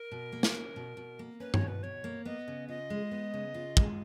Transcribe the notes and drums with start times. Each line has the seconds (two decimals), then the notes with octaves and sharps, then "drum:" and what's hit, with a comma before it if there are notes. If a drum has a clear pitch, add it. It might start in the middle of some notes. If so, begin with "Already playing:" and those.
Already playing: A#4
0.12 B2
0.32 A#3
0.43 drum: snare
0.54 C#4
0.76 B2
0.97 B2
1.19 A#3
1.40 C#4 B4
1.54 C#5, drum: tom G2
1.61 B2
1.68 B4
1.83 B2 C#5
2.04 A#3
2.25 B3 D#5
2.48 C#3
2.69 F4 D#5
2.90 G#3
3.11 B3
3.34 C#3
3.54 F4
3.77 G#3, drum: kick